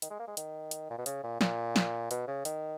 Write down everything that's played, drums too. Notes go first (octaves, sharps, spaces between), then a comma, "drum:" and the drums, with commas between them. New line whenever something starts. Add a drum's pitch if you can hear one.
D#3, drum: hi-hat
G#3
A#3
G#3
D#3, drum: hi-hat
drum: hi-hat
A#2
B2
C#3, drum: hi-hat
A#2
A#2, drum: snare
drum: snare
B2, drum: hi-hat
C#3
D#3, drum: hi-hat